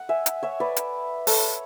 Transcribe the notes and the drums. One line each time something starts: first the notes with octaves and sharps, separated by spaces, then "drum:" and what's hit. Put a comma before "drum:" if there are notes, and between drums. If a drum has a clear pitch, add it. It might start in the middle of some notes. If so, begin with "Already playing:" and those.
Already playing: F#5
E5 G#5
drum: hi-hat
C#5 E5
B4 D5
drum: hi-hat
A4 C#5, drum: open hi-hat